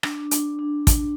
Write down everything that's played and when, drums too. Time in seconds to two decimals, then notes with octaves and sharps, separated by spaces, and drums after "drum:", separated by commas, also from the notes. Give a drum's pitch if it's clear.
0.03 D4, drum: rim click
0.31 D4, drum: hi-hat
0.59 D4
0.87 drum: kick, hi-hat